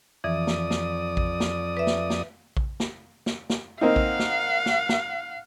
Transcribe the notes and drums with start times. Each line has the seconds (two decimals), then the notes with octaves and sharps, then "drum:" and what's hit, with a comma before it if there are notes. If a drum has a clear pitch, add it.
0.24 F2 E3 D5 D#6
0.47 drum: snare
0.71 drum: snare
1.17 drum: kick A#1
1.40 drum: snare
1.77 B4 E5
1.87 drum: snare
2.10 drum: snare
2.57 drum: kick A#1
2.80 drum: snare
3.26 drum: snare
3.50 drum: snare
3.81 A#3 C4 D#4 F5 F#5
3.96 drum: kick A#1
4.19 drum: snare
4.66 drum: snare
4.89 drum: snare